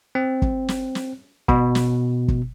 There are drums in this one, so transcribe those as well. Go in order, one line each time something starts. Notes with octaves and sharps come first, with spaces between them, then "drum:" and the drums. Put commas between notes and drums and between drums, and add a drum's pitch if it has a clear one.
C4
drum: kick
drum: snare
drum: snare
B2, drum: kick
drum: snare
drum: kick